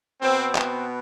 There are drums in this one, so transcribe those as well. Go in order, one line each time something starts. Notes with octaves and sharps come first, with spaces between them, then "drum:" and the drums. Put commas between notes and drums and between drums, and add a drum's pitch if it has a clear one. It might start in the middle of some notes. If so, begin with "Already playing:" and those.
B2 B3 C4
C4, drum: clap